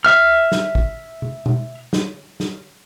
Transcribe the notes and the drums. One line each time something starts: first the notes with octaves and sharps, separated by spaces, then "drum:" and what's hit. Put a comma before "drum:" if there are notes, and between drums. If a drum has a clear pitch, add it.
E5 F6
drum: snare
drum: kick
drum: tom C3
drum: tom B2
drum: snare
drum: snare